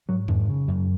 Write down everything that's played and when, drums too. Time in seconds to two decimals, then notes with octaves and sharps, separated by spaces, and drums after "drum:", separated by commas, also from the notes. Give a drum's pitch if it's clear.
0.09 G#2 F#3
0.28 G#2 D#3, drum: tom E2
0.48 C#3
0.68 F#2